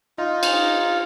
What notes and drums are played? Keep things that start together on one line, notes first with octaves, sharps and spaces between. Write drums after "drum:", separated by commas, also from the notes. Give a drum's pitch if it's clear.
D#4 F4
drum: cymbal